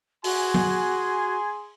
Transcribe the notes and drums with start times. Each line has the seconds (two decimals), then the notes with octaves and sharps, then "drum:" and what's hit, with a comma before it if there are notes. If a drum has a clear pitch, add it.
0.24 F#4 G#4 G#5 C6, drum: open hi-hat
0.54 drum: tom